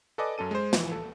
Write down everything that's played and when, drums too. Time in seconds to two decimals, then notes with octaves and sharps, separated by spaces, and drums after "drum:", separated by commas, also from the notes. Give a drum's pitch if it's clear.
0.18 A4 B4 D5 D#5 G#5 D6
0.38 F#2 C#4 A4 D#7
0.51 G#3 C5
0.73 E3 F3, drum: snare
0.92 A4